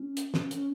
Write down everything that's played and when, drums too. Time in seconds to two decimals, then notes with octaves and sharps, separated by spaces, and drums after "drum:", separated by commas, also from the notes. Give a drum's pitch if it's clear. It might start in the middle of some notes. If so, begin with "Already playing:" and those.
Already playing: C#4
0.17 drum: hi-hat
0.34 drum: snare
0.51 C#4, drum: hi-hat